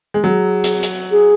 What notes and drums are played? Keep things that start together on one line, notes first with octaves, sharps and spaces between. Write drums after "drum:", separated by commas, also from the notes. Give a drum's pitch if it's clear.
G#3
F#3 G#4
drum: hi-hat
drum: hi-hat
G#4